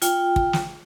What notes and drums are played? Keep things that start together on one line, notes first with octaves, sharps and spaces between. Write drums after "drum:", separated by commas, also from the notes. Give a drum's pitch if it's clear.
F4 G5, drum: hi-hat
drum: kick
drum: snare